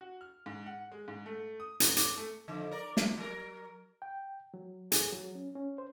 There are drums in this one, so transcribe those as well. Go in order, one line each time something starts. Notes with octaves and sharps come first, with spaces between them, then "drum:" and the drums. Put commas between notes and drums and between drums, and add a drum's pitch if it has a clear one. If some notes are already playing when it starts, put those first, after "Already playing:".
F#4
F6
G#2
F#5
G#3
G#2
A3
D#6
F#2, drum: hi-hat
D6, drum: hi-hat
A3
F2 D3
A#4 D5
G3, drum: snare
F#3 A#4
G5
F#3
G#4, drum: hi-hat
F#3
C#4
C#4
C5